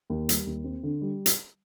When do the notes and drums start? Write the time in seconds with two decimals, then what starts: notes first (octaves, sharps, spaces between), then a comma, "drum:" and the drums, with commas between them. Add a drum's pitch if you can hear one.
0.10 D#2
0.29 G3, drum: hi-hat
0.47 D#2
0.64 C4
0.83 D3
1.01 G3
1.26 drum: hi-hat